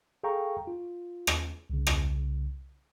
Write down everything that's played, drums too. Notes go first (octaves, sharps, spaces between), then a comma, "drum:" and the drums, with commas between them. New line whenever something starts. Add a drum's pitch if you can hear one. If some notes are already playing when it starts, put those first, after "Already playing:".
G#4 A4 F5 G5 A#5 C#6
F4
drum: rim click
C2 C#3
drum: rim click